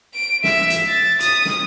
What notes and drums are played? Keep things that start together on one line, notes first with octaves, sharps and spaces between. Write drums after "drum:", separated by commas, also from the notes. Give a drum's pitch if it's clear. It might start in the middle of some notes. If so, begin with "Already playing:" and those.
D7
E5, drum: snare
drum: hi-hat
A6
D#6, drum: hi-hat
drum: snare